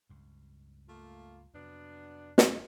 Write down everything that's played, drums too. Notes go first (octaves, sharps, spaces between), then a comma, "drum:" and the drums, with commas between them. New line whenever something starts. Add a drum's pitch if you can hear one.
C#2 G2
A3 A#3 F4
F2 C3 F#3 B3 D4
drum: snare